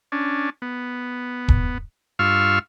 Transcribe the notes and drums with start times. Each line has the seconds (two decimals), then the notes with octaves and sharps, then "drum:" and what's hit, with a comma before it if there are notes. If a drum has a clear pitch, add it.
0.12 C#4 D4
0.62 B3
1.48 drum: kick
2.19 G2 F4 F5 C#6 E6 F6